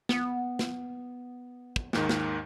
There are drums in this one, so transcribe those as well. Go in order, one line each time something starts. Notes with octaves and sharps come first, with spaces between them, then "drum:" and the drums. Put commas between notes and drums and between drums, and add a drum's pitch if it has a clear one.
B3, drum: snare
drum: snare
drum: kick
D#2 G#2 D#3, drum: snare
drum: snare